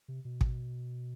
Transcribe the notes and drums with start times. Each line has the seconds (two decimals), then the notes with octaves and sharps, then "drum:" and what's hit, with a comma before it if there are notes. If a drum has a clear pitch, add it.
0.08 C3
0.25 B2
0.41 drum: kick